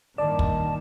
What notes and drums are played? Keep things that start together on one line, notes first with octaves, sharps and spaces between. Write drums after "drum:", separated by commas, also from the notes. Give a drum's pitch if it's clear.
G2 A#2 D#3 D5 A5
drum: kick